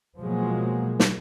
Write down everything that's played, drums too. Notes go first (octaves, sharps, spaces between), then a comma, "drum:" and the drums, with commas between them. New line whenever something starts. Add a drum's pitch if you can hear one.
B2 F3 F#3 G#3 A#3
drum: snare